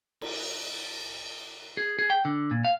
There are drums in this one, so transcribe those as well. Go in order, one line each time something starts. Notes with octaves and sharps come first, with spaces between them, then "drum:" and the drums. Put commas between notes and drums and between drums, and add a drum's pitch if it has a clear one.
drum: cymbal
G#4
G#4
G5
D3
A#2
F5